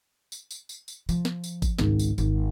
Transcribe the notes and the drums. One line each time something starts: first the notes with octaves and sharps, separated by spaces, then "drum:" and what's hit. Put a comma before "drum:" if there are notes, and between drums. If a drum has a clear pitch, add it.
drum: tambourine
drum: tambourine
drum: tambourine
drum: tambourine
F3, drum: tambourine
drum: snare
drum: tambourine
drum: kick G#1, tambourine
G#1 C#2, drum: snare
drum: tambourine
G#1, drum: tambourine